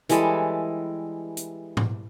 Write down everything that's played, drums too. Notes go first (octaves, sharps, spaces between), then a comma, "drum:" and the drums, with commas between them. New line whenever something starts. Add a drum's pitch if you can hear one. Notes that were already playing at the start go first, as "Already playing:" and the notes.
E3 G3 G#3 A4, drum: hi-hat
drum: hi-hat
drum: tom G#2